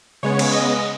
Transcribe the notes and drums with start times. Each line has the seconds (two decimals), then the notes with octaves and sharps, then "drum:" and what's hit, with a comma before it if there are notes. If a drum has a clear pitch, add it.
0.23 C#3 G#3 B3 C#5
0.39 drum: cymbal
0.52 D#5